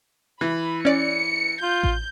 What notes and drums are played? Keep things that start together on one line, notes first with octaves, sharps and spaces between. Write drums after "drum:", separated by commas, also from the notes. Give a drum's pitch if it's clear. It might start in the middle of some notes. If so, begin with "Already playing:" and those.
E3 B5
C#4 D5 C#7
F4 G6
drum: kick A1